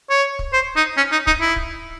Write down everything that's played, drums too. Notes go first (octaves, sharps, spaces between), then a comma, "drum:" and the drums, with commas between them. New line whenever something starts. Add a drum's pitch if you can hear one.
C#5
drum: kick
C5
D#4
C#4
D#4
D#4, drum: kick
E4
drum: kick